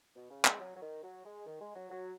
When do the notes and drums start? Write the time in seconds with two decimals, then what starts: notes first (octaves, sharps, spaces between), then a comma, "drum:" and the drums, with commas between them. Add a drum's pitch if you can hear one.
0.16 B2
0.30 C#3
0.45 G#3, drum: clap
0.60 F#3
0.75 F#3
0.81 D#3
1.03 F#3
1.25 G#3
1.46 D#3
1.61 G#3
1.75 F#3
1.90 F#3